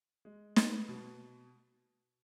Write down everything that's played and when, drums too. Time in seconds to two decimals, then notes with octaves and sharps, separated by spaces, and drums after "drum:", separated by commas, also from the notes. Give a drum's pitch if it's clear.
0.25 G#3
0.56 B4, drum: snare
0.88 B2